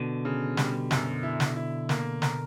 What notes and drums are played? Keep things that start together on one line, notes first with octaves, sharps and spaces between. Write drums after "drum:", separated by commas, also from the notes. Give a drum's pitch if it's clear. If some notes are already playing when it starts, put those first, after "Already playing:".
Already playing: B2 D3
C#3
G3, drum: snare
F#2, drum: snare
E4
drum: snare
E4
A#3, drum: snare
A#4, drum: snare